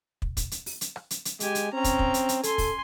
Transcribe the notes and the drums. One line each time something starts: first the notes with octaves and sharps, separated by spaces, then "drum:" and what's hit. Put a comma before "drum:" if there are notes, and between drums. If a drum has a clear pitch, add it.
drum: kick
drum: kick, hi-hat
drum: hi-hat
drum: open hi-hat
drum: hi-hat
drum: rim click
drum: hi-hat
drum: hi-hat
G#3 G4 G#5, drum: hi-hat
drum: hi-hat
C4 C#4 A#5
drum: kick, hi-hat
drum: kick
drum: hi-hat
drum: hi-hat
A4 G#5 C6, drum: hi-hat
drum: kick, open hi-hat